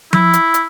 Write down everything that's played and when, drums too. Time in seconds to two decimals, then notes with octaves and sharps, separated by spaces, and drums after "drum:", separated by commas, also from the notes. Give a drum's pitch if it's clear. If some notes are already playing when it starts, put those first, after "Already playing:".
0.13 E4, drum: tom F3
0.33 drum: hi-hat
0.54 drum: hi-hat